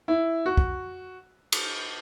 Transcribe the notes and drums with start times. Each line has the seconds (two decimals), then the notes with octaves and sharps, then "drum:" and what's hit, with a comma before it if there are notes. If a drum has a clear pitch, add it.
0.08 E4
0.46 F#4
0.57 drum: kick
1.52 drum: cymbal